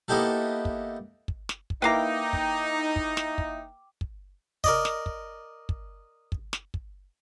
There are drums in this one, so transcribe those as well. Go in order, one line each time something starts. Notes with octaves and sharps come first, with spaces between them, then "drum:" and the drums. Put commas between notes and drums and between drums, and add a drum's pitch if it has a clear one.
A#3 B3 D#4 E4 G4 A4
drum: kick
drum: kick
drum: snare
drum: kick
A#3 D#4 E4 B4 F5 G5 A#5 D6
drum: kick
drum: kick
drum: snare
drum: kick
drum: kick
A#4 D5 D#5, drum: kick
drum: snare
drum: kick
drum: kick
drum: kick
drum: snare
drum: kick